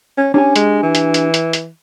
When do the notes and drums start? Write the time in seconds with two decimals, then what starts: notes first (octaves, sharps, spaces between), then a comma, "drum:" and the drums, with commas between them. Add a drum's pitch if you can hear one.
0.18 C#4
0.34 C#4 D4 G4 G#5
0.56 G#3, drum: hi-hat
0.83 E3
0.95 drum: hi-hat
1.14 drum: hi-hat
1.34 drum: hi-hat
1.53 drum: hi-hat